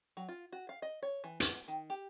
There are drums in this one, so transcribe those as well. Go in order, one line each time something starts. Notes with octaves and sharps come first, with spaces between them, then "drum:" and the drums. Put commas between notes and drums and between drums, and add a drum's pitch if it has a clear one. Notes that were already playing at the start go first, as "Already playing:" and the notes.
F#3
F4
F#4
F5
D#5
C#5
E3
B3, drum: hi-hat
D#3
G4